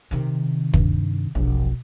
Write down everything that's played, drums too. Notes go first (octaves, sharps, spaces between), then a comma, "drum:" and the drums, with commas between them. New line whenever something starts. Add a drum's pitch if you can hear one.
C3 D#3
G2, drum: kick
E1 A#1